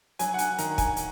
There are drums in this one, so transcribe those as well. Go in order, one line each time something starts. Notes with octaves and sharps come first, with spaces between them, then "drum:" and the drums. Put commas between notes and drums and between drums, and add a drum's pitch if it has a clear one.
F#3 G#5, drum: hi-hat
F#5
G#5, drum: hi-hat
D#3 A#5, drum: hi-hat
G#5, drum: kick, hi-hat
drum: hi-hat